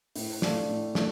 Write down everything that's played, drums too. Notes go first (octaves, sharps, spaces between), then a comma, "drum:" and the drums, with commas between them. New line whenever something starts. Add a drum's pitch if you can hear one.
A2, drum: open hi-hat
A3 D4 F4 D5, drum: snare
A2
A3 D4, drum: snare